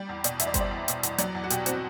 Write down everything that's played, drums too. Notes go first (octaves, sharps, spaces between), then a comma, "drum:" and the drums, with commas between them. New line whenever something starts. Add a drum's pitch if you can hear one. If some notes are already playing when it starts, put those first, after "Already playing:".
Already playing: G3 D5
E2
B2 D5, drum: hi-hat
E2 E5, drum: hi-hat
D5
G3 C5, drum: kick G1, hi-hat
D5
E2
B2, drum: hi-hat
E2, drum: hi-hat
F#3 D5, drum: hi-hat
E2
F#4
B2 G4, drum: hi-hat
C4 F#4, drum: hi-hat